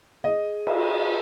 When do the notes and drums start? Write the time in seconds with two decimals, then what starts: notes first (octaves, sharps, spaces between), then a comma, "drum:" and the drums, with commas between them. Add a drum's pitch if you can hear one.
0.24 G#4 D#5
0.67 drum: cymbal